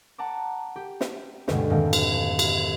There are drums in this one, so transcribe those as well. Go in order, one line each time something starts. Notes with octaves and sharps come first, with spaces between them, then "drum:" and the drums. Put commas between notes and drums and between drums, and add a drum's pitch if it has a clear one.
F#5 A5 A#5 D6
G4
drum: snare
D2 G2 B2 D3 G3 G#3, drum: snare
F2 G#2 B2 D#3 A3 A#3
drum: cymbal
drum: cymbal